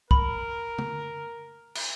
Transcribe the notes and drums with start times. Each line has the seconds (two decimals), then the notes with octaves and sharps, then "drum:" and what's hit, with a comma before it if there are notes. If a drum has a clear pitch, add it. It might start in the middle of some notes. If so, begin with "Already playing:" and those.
0.11 A#4 B5, drum: kick
0.78 drum: tom
1.75 drum: cymbal